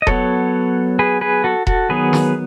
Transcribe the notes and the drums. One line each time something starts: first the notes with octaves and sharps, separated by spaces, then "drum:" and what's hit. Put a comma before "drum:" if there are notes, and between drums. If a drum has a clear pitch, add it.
D#5
F#3 B3 A4 C#5, drum: kick E1
G#4 B4
G#4 B4
F#4 A4
F#4 A4, drum: kick E1
D#3 F#3 B3 G#4 B4
drum: snare